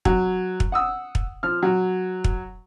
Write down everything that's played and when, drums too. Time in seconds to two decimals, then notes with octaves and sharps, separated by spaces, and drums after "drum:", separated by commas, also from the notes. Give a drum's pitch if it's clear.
0.05 F#3, drum: kick
0.60 drum: kick
0.72 F#5 D#6 E6
1.15 drum: kick
1.43 F3 F6
1.63 F#3
2.24 drum: kick